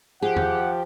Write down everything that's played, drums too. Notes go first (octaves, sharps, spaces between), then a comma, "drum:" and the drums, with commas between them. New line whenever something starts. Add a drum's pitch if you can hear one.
F3 G4 G#4 F#5
drum: tom E2